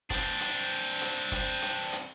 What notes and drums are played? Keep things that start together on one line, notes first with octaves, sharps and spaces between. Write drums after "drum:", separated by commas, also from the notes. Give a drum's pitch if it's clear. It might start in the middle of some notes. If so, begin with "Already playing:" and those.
C4 D4, drum: kick, hi-hat
drum: hi-hat
drum: hi-hat
drum: kick, hi-hat
drum: hi-hat
drum: hi-hat